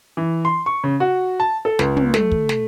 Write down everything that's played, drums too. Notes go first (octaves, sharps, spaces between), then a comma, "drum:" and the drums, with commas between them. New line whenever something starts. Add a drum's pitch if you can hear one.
E3
C6
C#6
C#3
F#4
A5
A4
C#2, drum: snare
drum: tom
A3, drum: snare
drum: kick
drum: snare